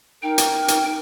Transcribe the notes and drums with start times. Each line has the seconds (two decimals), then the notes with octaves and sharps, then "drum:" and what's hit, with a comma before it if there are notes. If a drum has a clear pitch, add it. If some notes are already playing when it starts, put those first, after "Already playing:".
0.22 D#4 A#4 G5
0.38 drum: hi-hat
0.68 drum: hi-hat